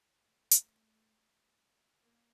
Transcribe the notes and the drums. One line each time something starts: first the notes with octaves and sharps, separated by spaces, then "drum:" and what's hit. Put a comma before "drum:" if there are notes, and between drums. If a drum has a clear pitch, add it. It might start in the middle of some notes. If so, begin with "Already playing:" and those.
A3
drum: hi-hat
A#3